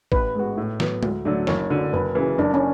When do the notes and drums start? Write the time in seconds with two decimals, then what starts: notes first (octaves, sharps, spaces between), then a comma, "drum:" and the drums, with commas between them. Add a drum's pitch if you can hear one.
0.12 A1 B4, drum: kick
0.35 G#2 G#3 B3 F#4
0.57 A2
0.80 F#3 B3, drum: snare
1.03 D2, drum: tom G#3
1.25 D3 F#3 A3 D4
1.47 F#1 C#5, drum: snare
1.70 F#2 D3
1.93 F#1 B4
2.15 F#2 C#3 E3
2.38 F#1 D4
2.54 C#4